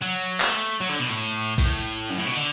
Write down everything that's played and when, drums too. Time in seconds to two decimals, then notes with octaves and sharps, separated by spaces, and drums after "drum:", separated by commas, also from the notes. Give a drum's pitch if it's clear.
0.02 F#3, drum: tambourine
0.41 A3, drum: clap
0.81 F#3
0.89 D3
0.99 B2
1.09 A2
1.58 A2, drum: kick, tambourine
2.10 F#2
2.18 A2
2.27 B2
2.36 D3, drum: tambourine